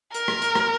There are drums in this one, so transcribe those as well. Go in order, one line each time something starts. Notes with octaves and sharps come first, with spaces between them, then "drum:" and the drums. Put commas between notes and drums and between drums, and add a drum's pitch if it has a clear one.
A#4, drum: hi-hat
drum: rim click
drum: hi-hat
drum: rim click